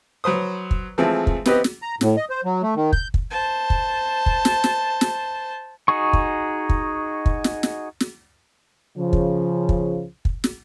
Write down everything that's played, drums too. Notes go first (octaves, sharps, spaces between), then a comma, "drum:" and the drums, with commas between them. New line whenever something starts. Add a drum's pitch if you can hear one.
F#3 B4 C5 D#6
drum: kick
E3 F3 G#3 A3 C4
drum: kick
B3 C4 G4 B4 D#5, drum: snare
drum: snare
A#5
A2, drum: snare
D#5
C5
F#3
A3
D#3
G6, drum: kick
drum: kick
C5 A5
drum: kick
drum: kick
drum: snare
drum: snare
drum: snare
D#4 F#4 G#4 C#6
drum: kick
drum: kick
drum: kick
drum: snare
drum: snare
drum: snare
C#3 F3
drum: kick
drum: kick
drum: kick
drum: snare